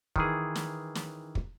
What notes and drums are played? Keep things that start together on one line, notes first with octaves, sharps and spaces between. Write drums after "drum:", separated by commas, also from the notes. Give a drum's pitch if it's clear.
D#3 E3 G#4, drum: kick
drum: snare
drum: snare
drum: kick